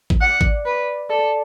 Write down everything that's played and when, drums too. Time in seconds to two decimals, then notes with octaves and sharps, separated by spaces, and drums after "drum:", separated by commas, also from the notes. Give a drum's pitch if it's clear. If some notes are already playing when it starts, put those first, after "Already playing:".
0.10 drum: kick G#1
0.21 D5 F#5
0.41 drum: kick G#1
0.66 B4
1.09 A4 D5